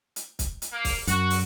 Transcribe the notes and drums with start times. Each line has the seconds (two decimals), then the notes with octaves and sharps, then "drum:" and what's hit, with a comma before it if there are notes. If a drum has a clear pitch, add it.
0.16 drum: hi-hat
0.39 drum: kick, hi-hat
0.62 drum: hi-hat
0.72 A#3
0.85 drum: kick, open hi-hat
1.07 F#2 F#4, drum: hi-hat
1.30 drum: open hi-hat